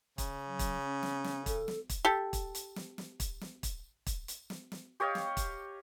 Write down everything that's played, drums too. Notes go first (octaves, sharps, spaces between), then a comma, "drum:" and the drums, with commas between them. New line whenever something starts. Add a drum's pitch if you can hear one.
C#3, drum: kick, hi-hat
F#3
drum: kick, hi-hat
C#4
drum: snare
drum: snare
A4, drum: kick, hi-hat
drum: snare
drum: kick, hi-hat
G4 A4
drum: kick, hi-hat
drum: hi-hat
drum: snare
drum: snare
drum: kick, hi-hat
drum: snare
drum: kick, hi-hat
drum: kick, hi-hat
drum: hi-hat
drum: snare
drum: snare
G4 C#5 D#5 F5
drum: snare
drum: kick, hi-hat